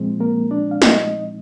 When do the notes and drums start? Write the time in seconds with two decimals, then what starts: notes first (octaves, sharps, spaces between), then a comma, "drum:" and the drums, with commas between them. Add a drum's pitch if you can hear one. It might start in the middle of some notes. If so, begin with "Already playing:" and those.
Already playing: A#2 F3 G#3 C4
0.20 A#3 A#4
0.51 D4 D5
0.71 F5
0.82 D#4 D#5, drum: snare